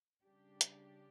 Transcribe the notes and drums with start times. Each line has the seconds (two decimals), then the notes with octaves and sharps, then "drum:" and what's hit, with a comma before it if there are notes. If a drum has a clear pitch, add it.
0.23 C#3 G3 D4 G4
0.61 drum: hi-hat